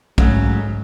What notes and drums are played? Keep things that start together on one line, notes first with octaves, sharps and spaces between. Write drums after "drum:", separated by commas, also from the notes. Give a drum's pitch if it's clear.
G#2 C#3 F#3 A3, drum: kick